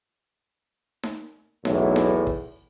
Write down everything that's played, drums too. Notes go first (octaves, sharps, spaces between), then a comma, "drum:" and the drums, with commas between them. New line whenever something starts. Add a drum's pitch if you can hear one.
drum: snare D#4
B1 E2 A2, drum: snare D#4
drum: snare D#4
drum: kick